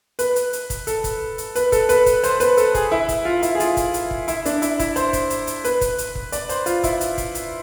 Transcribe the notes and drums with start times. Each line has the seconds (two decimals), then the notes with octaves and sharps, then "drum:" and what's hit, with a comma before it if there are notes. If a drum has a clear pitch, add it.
0.19 B4, drum: hi-hat
0.36 drum: hi-hat
0.53 drum: hi-hat
0.70 drum: kick, hi-hat
0.87 A4, drum: hi-hat
1.04 drum: kick, hi-hat
1.38 drum: hi-hat
1.55 B4, drum: hi-hat
1.72 A4, drum: kick, hi-hat
1.89 B4, drum: hi-hat
2.06 drum: kick, hi-hat
2.23 C5, drum: hi-hat
2.40 B4, drum: hi-hat
2.57 A4, drum: hi-hat
2.75 G#4, drum: kick, hi-hat
2.92 E4
3.09 drum: kick, hi-hat
3.25 F4
3.43 E4, drum: hi-hat
3.55 G#4
3.60 F4, drum: hi-hat
3.77 drum: kick, hi-hat
3.94 drum: hi-hat
4.11 drum: kick
4.28 E4, drum: hi-hat
4.46 D4, drum: hi-hat
4.62 E4, drum: hi-hat
4.79 E4, drum: kick, hi-hat
4.96 C5, drum: hi-hat
5.13 drum: kick, hi-hat
5.30 drum: hi-hat
5.47 drum: hi-hat
5.64 B4, drum: hi-hat
5.81 drum: kick, hi-hat
5.98 drum: hi-hat
6.15 drum: kick
6.32 D5, drum: hi-hat
6.49 C5, drum: hi-hat
6.66 F4, drum: hi-hat
6.84 E4, drum: kick, hi-hat
7.01 drum: hi-hat
7.18 drum: kick, hi-hat
7.35 drum: hi-hat